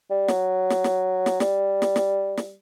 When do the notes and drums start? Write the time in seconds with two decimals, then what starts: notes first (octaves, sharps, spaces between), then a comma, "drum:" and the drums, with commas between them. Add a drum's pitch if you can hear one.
0.10 G3
0.28 F#3, drum: snare
0.70 drum: snare
0.84 drum: snare
1.26 drum: snare
1.40 G3, drum: snare
1.82 drum: snare
1.96 drum: snare
2.37 drum: snare